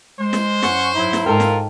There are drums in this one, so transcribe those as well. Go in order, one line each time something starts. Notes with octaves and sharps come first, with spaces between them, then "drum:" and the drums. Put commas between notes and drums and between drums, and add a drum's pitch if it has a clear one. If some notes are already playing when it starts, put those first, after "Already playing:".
G#3 C5
drum: snare
F#2 C#4 F#5 C#6, drum: snare
G#2 F#3 E4
drum: snare
G#2 F4 A4 A#4 E5 F5 G5
drum: snare